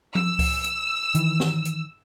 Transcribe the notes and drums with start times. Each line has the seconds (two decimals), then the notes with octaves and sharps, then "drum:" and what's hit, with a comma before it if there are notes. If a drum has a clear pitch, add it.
0.15 E6, drum: tom F3
0.39 drum: kick C#2, open hi-hat
0.64 drum: hi-hat
1.15 D#3 E3, drum: hi-hat
1.40 drum: snare
1.65 drum: hi-hat